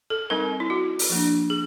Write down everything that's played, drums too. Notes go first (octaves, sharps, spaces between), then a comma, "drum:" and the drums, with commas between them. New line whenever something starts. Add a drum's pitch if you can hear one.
A4
G3 C4 D#4 A#4
E4
F#4
drum: open hi-hat
F3 A#3 D4
G#4